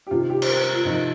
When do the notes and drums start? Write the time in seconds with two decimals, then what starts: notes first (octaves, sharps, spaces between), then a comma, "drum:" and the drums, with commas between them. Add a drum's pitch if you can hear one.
0.07 G4
0.11 C3 D#3 F4
0.30 G4
0.42 C5, drum: cymbal
0.49 A#4
0.61 A#4
0.74 F4
0.85 C3 F3 D#4